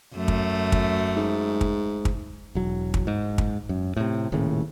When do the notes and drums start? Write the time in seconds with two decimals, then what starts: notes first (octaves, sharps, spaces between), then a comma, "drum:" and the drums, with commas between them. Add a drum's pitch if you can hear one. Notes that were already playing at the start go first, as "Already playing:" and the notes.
0.15 F#2 A3
0.28 drum: kick
0.72 drum: kick
1.17 G#2
1.61 drum: kick
2.05 drum: kick
2.55 E1 F#3
2.94 drum: kick
3.07 G#2
3.38 drum: kick
3.69 F#2
3.96 A2 C3
4.32 D#1 D#2 A2 C#3